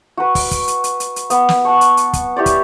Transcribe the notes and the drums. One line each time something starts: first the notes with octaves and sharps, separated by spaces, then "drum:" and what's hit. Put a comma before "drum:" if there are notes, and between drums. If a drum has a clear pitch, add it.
F#4 B4
drum: kick, open hi-hat
drum: kick, hi-hat
drum: hi-hat
drum: hi-hat
drum: hi-hat
drum: hi-hat
B3, drum: hi-hat
drum: snare
F#5 A5 C#6
drum: hi-hat
drum: hi-hat
drum: kick, hi-hat
E4 G4 C#5 D5
drum: kick, hi-hat